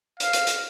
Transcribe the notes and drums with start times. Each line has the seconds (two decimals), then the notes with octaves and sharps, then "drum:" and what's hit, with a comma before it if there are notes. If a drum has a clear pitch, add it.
0.20 F5, drum: hi-hat
0.33 drum: hi-hat
0.47 drum: hi-hat